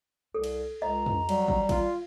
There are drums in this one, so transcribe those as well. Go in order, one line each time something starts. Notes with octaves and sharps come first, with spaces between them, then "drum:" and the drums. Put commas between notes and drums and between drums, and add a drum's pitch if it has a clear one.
C2 A4
drum: cymbal
C#2 D#5 A#5
drum: tom
F#3 G3, drum: cymbal
drum: kick
F4, drum: kick, cymbal